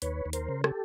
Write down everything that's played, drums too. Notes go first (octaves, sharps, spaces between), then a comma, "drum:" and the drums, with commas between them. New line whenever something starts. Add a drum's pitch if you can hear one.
D#2 B4 C#5, drum: hi-hat
D#2
A#4 C5, drum: hi-hat
C#3
G4 A4, drum: rim click